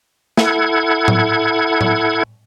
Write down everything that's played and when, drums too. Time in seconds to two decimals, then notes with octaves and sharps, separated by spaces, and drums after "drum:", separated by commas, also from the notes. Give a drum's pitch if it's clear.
0.37 E4 A4 F#5 G#6, drum: snare
1.08 drum: tom A2
1.81 drum: tom A2